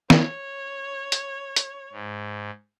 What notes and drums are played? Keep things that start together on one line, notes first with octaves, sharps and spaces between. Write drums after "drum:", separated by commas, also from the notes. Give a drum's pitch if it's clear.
C#5, drum: snare
drum: hi-hat
drum: hi-hat
G#2